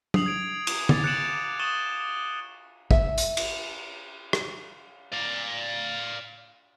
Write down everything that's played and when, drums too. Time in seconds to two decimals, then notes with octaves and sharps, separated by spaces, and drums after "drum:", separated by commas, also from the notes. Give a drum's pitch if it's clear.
0.14 D#6 C7 F7 F#7, drum: tom F#3
0.26 G#6 D7 F7
0.67 drum: cymbal
0.89 D6 A6, drum: tom
1.04 F#6 A6 C#7 D7 E7 F#7
1.59 C#6 D#6 A6 D#7 E7 G7
2.91 E5, drum: kick
3.18 drum: hi-hat
3.37 drum: cymbal
4.33 drum: rim click
5.13 D5 F5